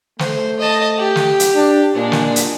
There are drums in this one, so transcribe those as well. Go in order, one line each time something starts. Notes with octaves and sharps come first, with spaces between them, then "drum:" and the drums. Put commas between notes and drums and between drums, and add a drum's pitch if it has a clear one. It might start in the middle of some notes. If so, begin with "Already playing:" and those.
A3 C5, drum: snare
D#5 A5
G4
drum: snare
drum: hi-hat
D4
A#2 G#3 D4
drum: snare
drum: hi-hat